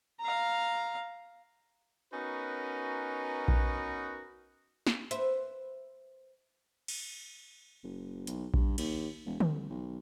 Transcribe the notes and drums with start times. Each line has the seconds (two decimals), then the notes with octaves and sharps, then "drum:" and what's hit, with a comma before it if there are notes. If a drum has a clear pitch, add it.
0.20 F5 A#5
2.13 B3 C#4 D#4 F#4 A#4 B4
3.48 drum: kick A#1
4.87 drum: snare
5.11 B4 C5 E5, drum: hi-hat
6.88 drum: cymbal
7.84 F#1
8.27 B1, drum: hi-hat
8.54 G2, drum: kick A#1
8.78 D#2, drum: cymbal
9.26 E1
9.40 C2, drum: tom D3
9.69 B1